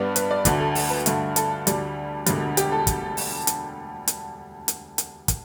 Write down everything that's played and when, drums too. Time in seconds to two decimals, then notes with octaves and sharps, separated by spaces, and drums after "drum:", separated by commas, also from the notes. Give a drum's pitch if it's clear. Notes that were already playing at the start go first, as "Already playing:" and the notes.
Already playing: G2 G3 B3 D4
0.16 B4, drum: hi-hat
0.31 D5
0.45 D2 D3 A3 D4, drum: kick, hi-hat
0.60 A4
0.75 A4, drum: open hi-hat
0.90 B4
1.06 G2 D3 A3, drum: hi-hat
1.36 A4, drum: hi-hat
1.67 D2 D3 G3 D4, drum: hi-hat
2.26 E1 D2 D3 G3, drum: hi-hat
2.57 G4, drum: hi-hat
2.72 A4
2.87 drum: kick, hi-hat
3.17 drum: open hi-hat
3.47 drum: hi-hat
4.07 drum: hi-hat
4.68 drum: hi-hat
4.98 drum: hi-hat
5.28 drum: kick, hi-hat